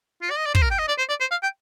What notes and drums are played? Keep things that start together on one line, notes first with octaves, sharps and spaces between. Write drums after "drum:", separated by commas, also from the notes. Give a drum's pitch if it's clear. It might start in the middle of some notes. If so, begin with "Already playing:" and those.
F4
D5
D#5
D5
C5, drum: kick
A#4
G5
D#5
D5
C5
D5
C5
F5
G5